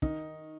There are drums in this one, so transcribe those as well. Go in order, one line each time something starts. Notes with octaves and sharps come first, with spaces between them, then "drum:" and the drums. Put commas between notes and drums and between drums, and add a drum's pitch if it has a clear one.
D#3 D#4, drum: kick